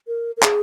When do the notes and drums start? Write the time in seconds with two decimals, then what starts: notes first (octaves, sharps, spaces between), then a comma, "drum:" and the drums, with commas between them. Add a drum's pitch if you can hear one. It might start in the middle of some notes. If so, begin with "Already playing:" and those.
0.07 A#4
0.37 A#4
0.42 G#4, drum: clap